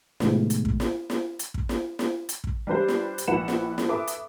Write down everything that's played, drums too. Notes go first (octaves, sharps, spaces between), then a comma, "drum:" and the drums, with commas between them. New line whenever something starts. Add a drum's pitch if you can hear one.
A2 C3 D#3 G#3 A3 B3, drum: snare
drum: hi-hat
drum: kick
drum: snare
drum: snare
drum: hi-hat
drum: kick
drum: snare
drum: snare
drum: hi-hat
drum: kick
G3 D4 B4 C5
drum: snare
drum: hi-hat
A#1 E4 B4 F#5 C#7 E7
drum: snare
drum: snare
A4 B4 E5 D6 D#6
drum: hi-hat